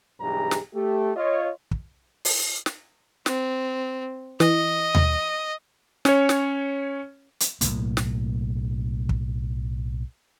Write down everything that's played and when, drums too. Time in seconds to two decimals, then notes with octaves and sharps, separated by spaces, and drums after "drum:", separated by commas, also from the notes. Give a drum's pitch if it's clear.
0.21 B1 G2 E3 G4 G#4 A#5
0.51 drum: snare
0.74 A3 G4
1.16 F4 C#5 D#5
1.71 drum: kick
2.25 drum: open hi-hat
2.66 drum: snare
3.26 C4, drum: snare
4.40 E3 D#5, drum: snare
4.95 drum: tom D#2
6.05 C#4 C#5, drum: snare
6.29 drum: snare
7.40 drum: hi-hat
7.61 B1 E2 A2 A#3, drum: hi-hat
7.97 drum: snare
9.09 drum: kick